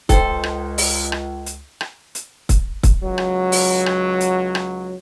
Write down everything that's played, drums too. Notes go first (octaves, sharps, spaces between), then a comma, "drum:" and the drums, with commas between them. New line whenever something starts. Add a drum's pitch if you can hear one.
C#2 A4 C5 G5, drum: kick, hi-hat
drum: rim click
drum: open hi-hat
drum: rim click
drum: hi-hat
drum: rim click
drum: hi-hat
drum: kick, hi-hat
drum: kick, hi-hat
C#2 F#3
drum: rim click
drum: open hi-hat
drum: rim click
drum: hi-hat
drum: rim click